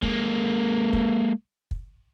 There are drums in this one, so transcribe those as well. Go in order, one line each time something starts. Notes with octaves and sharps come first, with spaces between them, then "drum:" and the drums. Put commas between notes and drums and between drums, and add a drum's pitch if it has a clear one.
G#3 A#3, drum: kick
drum: kick
drum: kick